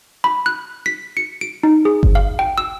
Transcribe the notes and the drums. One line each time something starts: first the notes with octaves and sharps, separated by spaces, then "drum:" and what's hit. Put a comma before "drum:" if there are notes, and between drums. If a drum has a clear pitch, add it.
B5
F#6
B6
C#7
D7
D#4
G#4
drum: kick G1
F5
G5
E6